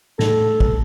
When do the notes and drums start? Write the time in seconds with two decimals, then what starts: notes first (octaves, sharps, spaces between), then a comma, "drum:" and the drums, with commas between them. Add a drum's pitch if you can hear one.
0.19 A2 A4, drum: snare
0.60 drum: kick